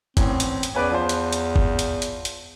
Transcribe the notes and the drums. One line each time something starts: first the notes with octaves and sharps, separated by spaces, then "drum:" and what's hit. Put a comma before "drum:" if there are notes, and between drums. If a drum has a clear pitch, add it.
E2 A2 C4 C#4, drum: kick G1, hi-hat
drum: hi-hat
drum: hi-hat
E2 C#4 B4 D5
F3 C5
drum: hi-hat
drum: hi-hat
drum: kick G1
drum: hi-hat
drum: hi-hat
drum: hi-hat